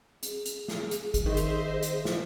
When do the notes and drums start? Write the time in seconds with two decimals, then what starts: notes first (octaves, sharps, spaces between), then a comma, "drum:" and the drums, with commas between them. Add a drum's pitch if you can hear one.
0.23 G#4, drum: hi-hat
0.46 drum: hi-hat
0.68 drum: snare
0.91 drum: hi-hat
1.14 drum: kick G#1, hi-hat
1.26 D#3 C5 D#5 E5
1.37 drum: hi-hat
1.83 drum: hi-hat
2.05 drum: snare